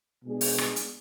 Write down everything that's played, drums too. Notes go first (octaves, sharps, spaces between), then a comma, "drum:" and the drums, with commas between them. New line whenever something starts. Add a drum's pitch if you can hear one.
B2 G#3 D4 G#4
drum: open hi-hat
drum: rim click
drum: hi-hat